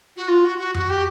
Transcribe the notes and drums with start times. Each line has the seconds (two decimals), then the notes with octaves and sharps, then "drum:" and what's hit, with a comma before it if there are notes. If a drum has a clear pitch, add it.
0.16 F#4
0.27 F4
0.44 F#4
0.58 F#4
0.74 F#4, drum: tom F2
0.89 G4